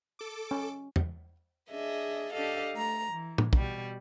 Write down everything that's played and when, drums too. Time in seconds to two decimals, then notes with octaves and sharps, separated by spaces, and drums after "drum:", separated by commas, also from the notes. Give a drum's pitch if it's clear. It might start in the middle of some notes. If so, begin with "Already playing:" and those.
0.19 A4 D6
0.51 C#4
0.96 drum: tom
1.70 D4 G#4 D#5 E5
2.32 D4 G4 A4 D#5 F5
2.73 A3 A#5
3.11 E3
3.38 drum: tom A2
3.53 B2 G3, drum: kick